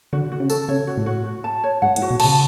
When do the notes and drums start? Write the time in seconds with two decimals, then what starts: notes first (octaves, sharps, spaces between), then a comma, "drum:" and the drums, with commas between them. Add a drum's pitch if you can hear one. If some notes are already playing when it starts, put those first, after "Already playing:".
0.13 D3 F#4
0.32 F#4
0.40 C#3
0.50 A4, drum: tambourine
0.69 C#3 C#5
0.87 F#4
0.97 A2
1.06 F#4
1.26 F#4
1.44 A5
1.64 C#5
1.82 G#2 F#5
1.96 A2, drum: hi-hat
2.02 F#4
2.11 B2
2.20 C#3 A5, drum: cymbal